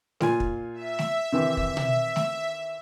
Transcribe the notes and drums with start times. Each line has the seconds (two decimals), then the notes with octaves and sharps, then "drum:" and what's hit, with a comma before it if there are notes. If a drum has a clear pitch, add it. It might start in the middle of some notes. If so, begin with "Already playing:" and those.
0.21 A#2 F4 G#5, drum: snare A3
0.40 drum: kick
0.74 E5
0.99 drum: snare A3
1.32 C3 D#3 E3
1.57 drum: kick
1.77 drum: tom B2
2.16 drum: snare A3